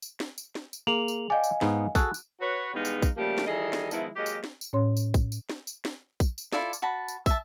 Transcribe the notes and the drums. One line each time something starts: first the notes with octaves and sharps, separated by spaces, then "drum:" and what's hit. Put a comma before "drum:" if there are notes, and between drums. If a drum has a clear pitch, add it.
drum: tambourine
drum: snare
drum: tambourine
drum: snare
drum: tambourine
A#3 G#4 F7 F#7
drum: tambourine
D5 D#5 F5 G5 G#5
drum: tambourine
G#2 B3 D#4, drum: snare
F#4 G#4 A4 F#6, drum: kick, tambourine
drum: tambourine
F#4 B4 C#5
E2 G3 G#3 B3 D#4 F5
drum: tambourine
drum: kick, tambourine
C#3 F3 G3 A3 A#3 G4
drum: snare
D#3 E3 G3 G#4 A4 D#5
drum: snare
D#3 F3 G#3 B3 E4, drum: tambourine
F#3 G#3 A#3 G4 D#5
drum: tambourine
drum: snare
drum: tambourine
A2 C#4 C#5 C6
drum: tambourine
drum: kick, tambourine
drum: tambourine
drum: snare
drum: tambourine
drum: snare
drum: kick, tambourine
drum: tambourine
E4 F4 A4 D5, drum: snare
drum: tambourine
F#4 A5 B5
drum: tambourine
E5 A5, drum: kick, tambourine